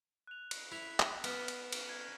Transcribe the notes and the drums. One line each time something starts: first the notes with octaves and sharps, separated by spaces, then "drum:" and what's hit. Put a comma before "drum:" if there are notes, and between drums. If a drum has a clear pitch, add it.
F#6 F7
drum: cymbal
E4 B6 F7
drum: clap
B3 F6 B6 E7, drum: cymbal
drum: cymbal
drum: cymbal
G#6